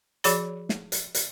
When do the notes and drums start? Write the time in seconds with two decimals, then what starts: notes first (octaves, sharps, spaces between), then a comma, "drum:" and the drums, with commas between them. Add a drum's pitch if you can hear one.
0.24 F3 F#4 G#4 C#5 D5 B5, drum: hi-hat
0.69 drum: snare
0.92 drum: hi-hat
1.15 drum: hi-hat